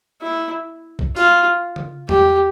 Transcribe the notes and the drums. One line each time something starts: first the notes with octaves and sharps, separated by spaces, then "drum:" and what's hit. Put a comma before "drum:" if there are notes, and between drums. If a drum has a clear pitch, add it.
E4
drum: kick
F4, drum: open hi-hat
drum: tom C#3
G4, drum: tom E2